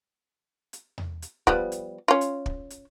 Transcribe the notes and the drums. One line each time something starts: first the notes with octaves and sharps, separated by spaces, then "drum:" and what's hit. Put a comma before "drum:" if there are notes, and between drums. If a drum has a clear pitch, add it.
drum: hi-hat
drum: tom E2
drum: hi-hat
F3 G3 B3, drum: kick
drum: hi-hat
C#4 F4
drum: hi-hat
drum: kick
drum: hi-hat